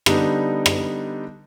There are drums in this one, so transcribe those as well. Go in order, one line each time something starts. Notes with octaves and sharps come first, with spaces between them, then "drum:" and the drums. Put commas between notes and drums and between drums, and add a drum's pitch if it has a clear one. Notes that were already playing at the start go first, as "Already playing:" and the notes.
D3 G3 B3 D#4, drum: rim click
drum: rim click